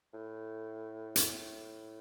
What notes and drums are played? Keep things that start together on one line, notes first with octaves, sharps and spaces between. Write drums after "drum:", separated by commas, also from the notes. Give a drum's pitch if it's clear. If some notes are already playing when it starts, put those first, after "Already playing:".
A2
drum: hi-hat
A2